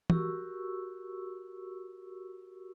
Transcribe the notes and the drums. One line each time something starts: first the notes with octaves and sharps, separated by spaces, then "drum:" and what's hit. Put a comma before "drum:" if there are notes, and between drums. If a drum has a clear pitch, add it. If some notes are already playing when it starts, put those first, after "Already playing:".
F#4 G4 A#4 C#6 E6, drum: tom